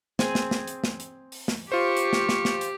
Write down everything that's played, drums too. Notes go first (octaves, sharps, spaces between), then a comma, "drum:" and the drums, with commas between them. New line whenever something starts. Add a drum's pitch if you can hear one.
C4 G#4, drum: snare
drum: snare
drum: snare
drum: hi-hat
drum: snare
drum: hi-hat
drum: open hi-hat
drum: snare
F4 G4 C5 C#6
drum: hi-hat
drum: snare
drum: snare
drum: snare
drum: hi-hat